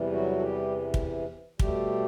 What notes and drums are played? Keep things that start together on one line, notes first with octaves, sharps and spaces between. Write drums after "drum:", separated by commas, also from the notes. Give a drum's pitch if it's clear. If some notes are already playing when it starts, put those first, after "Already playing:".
Already playing: E2 C3 E3 G3
F#3 F#4
A4
G3 G4
drum: kick
B2 G3 A3 G4, drum: kick